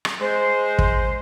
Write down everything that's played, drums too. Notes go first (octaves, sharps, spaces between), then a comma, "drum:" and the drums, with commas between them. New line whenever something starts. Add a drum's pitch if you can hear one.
drum: rim click
G#3 C5
drum: kick